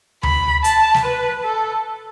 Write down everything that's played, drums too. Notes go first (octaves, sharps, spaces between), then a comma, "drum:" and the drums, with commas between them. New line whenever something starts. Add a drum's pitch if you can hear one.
B5, drum: tom D2
A5, drum: hi-hat
drum: snare
B4
A4